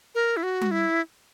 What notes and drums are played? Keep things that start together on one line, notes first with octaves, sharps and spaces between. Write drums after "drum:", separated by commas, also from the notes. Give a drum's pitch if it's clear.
A#4
E4
F#4
drum: tom G3
E4